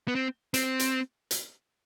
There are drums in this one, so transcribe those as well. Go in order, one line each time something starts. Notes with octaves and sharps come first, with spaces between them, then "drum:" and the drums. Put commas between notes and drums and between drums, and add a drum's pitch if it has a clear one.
B3
C4
C4, drum: hi-hat
drum: hi-hat
drum: hi-hat